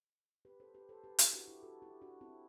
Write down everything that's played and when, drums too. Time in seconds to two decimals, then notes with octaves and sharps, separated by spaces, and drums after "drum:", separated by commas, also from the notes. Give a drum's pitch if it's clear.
0.45 G4 B4
0.60 A4 C5
0.74 G4 B4
0.89 A4 C5
1.04 G4 B4
1.19 E4 G4, drum: hi-hat
1.33 D4 F#4
1.48 E4 G4
1.63 F#4 A4
1.82 E4 G4
2.02 D4 F#4
2.21 C4 E4